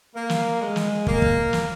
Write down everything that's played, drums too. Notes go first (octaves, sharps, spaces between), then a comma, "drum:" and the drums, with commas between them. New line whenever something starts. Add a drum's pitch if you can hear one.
A#3
drum: snare
G#3
drum: snare
A#3, drum: kick
drum: kick
drum: snare